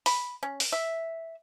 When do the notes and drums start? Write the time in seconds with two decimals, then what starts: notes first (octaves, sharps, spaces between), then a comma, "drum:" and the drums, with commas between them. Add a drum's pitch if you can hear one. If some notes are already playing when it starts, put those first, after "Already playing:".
0.06 B5, drum: open hi-hat
0.43 C#4
0.60 drum: open hi-hat
0.72 E5